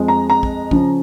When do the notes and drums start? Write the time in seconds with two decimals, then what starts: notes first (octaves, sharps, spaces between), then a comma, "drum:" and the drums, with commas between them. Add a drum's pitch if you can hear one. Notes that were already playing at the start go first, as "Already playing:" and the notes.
Already playing: F2 F3 G#3
0.08 A#5
0.30 A#5
0.43 drum: kick
0.71 C#3 F3 C#4, drum: kick